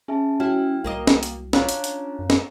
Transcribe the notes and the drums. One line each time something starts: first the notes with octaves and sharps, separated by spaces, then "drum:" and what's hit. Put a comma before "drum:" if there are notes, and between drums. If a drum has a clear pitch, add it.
C#4 G#4 E5 A5
F#3 E4 G5 F6
C2 A#3 A#4 D#5
drum: snare
drum: hi-hat
C#4 D4 F4 C#5 F5 A#5, drum: snare
drum: hi-hat
drum: hi-hat
F#2
drum: snare